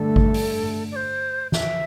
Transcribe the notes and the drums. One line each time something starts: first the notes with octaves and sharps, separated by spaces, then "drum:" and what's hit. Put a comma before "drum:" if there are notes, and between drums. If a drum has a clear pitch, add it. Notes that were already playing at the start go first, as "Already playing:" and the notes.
Already playing: G2 D3 A3 A4
drum: kick G#1
drum: open hi-hat
D5
C5
E5, drum: snare